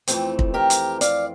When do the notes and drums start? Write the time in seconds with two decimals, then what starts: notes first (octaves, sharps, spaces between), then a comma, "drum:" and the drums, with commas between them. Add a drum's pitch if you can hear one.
0.08 F2 E3 A3 C4, drum: hi-hat
0.39 drum: kick
0.54 G4 A#4
0.70 drum: hi-hat
1.01 D5 F5, drum: hi-hat